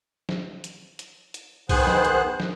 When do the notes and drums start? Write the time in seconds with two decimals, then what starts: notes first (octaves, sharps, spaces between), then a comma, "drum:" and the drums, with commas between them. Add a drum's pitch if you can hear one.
0.29 drum: snare
0.64 drum: hi-hat
0.99 drum: hi-hat
1.34 drum: hi-hat
1.69 D#3 B3 G#4 C5 F#6, drum: kick, open hi-hat
1.87 drum: snare
2.05 drum: hi-hat
2.40 drum: snare